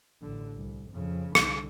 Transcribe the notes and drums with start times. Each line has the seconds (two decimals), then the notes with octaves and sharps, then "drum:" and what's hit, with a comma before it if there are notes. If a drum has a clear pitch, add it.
0.22 A1 D3
0.56 C2
0.91 F2 C#3
1.35 C2 D3, drum: rim click